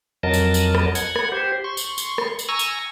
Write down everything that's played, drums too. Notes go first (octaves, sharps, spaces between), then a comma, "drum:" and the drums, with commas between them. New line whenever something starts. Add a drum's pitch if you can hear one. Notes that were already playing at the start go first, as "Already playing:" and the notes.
F2 F#3 A#4 D#5 A5
drum: tambourine
drum: tambourine
drum: rim click
F#5 G#6, drum: tambourine
drum: rim click
G4 C5
C6 C#6
drum: tambourine
drum: tambourine
drum: rim click
drum: tambourine
G#5 A#5 C#6 E6
drum: tambourine